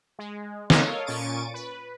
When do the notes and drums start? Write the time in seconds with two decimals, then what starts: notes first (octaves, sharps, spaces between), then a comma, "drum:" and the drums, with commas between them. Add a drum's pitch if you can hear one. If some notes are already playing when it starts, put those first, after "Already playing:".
0.19 G#3
0.70 A4 A#4 C#5 D#5 F5, drum: snare
1.06 A#2 C#4 C#6 A6 D7 D#7
1.54 B4